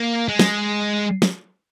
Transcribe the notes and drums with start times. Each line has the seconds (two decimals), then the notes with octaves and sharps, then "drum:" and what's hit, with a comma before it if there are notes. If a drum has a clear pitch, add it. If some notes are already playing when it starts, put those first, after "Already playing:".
Already playing: A#3
0.28 G#3
0.39 drum: snare
1.22 drum: snare